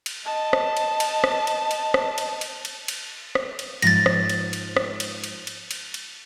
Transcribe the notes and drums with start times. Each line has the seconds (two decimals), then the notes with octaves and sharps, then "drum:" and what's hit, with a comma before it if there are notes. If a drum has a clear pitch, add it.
0.06 drum: cymbal
0.25 D#5 A5
0.53 drum: rim click
0.77 drum: cymbal
1.00 drum: cymbal
1.24 drum: rim click
1.47 drum: cymbal
1.71 drum: cymbal
1.94 drum: rim click
2.18 drum: cymbal
2.41 drum: cymbal
2.65 drum: cymbal
2.88 drum: cymbal
3.35 drum: rim click
3.59 drum: cymbal
3.82 G#2 F3 A6 A#6, drum: cymbal
4.06 drum: rim click
4.29 drum: cymbal
4.53 drum: cymbal
4.77 drum: rim click
5.00 drum: cymbal
5.24 drum: cymbal
5.47 drum: cymbal
5.71 drum: cymbal
5.94 drum: cymbal